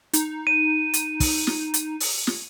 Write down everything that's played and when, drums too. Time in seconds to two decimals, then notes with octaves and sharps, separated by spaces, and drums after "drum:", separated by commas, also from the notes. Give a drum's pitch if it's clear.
0.13 D#4, drum: hi-hat
0.47 D#7
0.94 drum: hi-hat
1.20 drum: kick, open hi-hat
1.47 drum: snare
1.74 drum: hi-hat
2.00 drum: open hi-hat
2.27 drum: snare